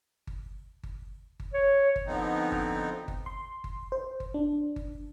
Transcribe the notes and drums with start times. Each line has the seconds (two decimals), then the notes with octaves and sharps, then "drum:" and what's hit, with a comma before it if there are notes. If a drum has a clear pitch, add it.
0.27 drum: kick G1
0.83 drum: kick G1
1.40 drum: kick G1
1.54 C#5
1.96 drum: kick G1
2.06 D3 F3 B3 C4 D#4
2.52 drum: kick G1
3.08 drum: kick G1
3.26 C6
3.64 drum: kick G1
3.92 C5
4.20 drum: kick G1
4.34 D4
4.76 drum: kick G1